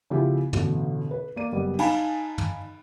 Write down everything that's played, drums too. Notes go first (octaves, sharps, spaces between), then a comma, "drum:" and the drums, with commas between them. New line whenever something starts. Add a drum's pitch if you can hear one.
C#3 F3 B3 E4 F4 G4
A1 B2 D3, drum: tom
B4
A#3 D5 D#7
F#1 G3 B3
D#4 F5 G#5 A5 B5, drum: cymbal
drum: tom